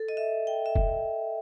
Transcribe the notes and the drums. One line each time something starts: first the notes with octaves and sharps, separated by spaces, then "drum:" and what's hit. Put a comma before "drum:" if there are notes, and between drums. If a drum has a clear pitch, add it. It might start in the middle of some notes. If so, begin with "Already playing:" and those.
Already playing: A4
D#5
E5
G5
E5
drum: kick F1